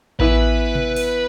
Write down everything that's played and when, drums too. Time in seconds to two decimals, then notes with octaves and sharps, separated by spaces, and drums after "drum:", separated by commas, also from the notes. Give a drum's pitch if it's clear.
0.20 E3 B3 E4 B4, drum: kick A1
0.75 drum: tom C3
0.96 drum: open hi-hat